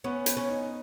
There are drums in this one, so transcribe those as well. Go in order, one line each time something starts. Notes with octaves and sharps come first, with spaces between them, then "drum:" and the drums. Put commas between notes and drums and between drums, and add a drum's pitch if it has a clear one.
B3 C#4
B3, drum: hi-hat
C#4
D#4